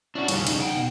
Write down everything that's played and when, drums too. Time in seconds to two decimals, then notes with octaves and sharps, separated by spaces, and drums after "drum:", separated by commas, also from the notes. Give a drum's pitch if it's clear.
0.15 C#4 D4 E4 F#4
0.28 F2 C#3 G3 C#5, drum: cymbal
0.47 D#4, drum: cymbal
0.60 F#5 G5
0.75 B2